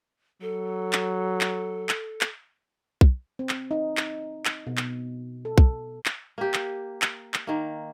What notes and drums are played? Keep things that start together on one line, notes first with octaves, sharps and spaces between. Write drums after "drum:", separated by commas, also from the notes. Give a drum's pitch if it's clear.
F#3 A4
drum: clap
drum: clap
drum: clap
drum: clap
drum: kick B1
C4
drum: clap
D#4
drum: clap
drum: clap
B2
drum: clap
A4
drum: kick B1
drum: clap
A#3 G4
drum: clap
drum: clap
drum: clap
D#3 A#3